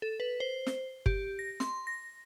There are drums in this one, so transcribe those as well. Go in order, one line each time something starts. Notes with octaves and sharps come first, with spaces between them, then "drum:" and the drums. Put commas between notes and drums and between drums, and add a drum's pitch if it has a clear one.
A4
B4
C5
drum: snare
G4, drum: kick G1
A#6
C6, drum: snare
A#6